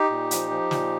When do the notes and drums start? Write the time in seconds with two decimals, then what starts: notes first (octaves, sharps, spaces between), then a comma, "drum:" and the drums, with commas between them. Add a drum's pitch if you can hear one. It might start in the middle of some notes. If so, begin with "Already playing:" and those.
Already playing: D#4 G4
0.10 A#2
0.31 F3, drum: hi-hat
0.51 F3
0.71 A#2, drum: snare